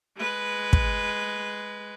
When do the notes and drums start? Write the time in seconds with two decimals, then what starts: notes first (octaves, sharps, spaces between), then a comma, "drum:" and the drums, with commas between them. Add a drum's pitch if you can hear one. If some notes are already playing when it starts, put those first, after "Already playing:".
0.16 G#3 B4
0.73 drum: kick